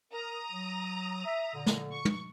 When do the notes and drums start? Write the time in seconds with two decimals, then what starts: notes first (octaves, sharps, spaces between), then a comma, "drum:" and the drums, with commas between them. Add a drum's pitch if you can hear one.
0.12 A#4 A#5 D#6
0.52 F#3
1.25 E5
1.55 A#2 D3
1.66 drum: snare
1.92 C#6
2.05 drum: tom